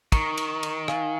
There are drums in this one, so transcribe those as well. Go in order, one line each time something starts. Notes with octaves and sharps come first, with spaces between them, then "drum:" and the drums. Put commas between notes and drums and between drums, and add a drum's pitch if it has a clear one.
D#3 A#5 C#6, drum: kick, cymbal
drum: cymbal
drum: cymbal
F5 G#5, drum: rim click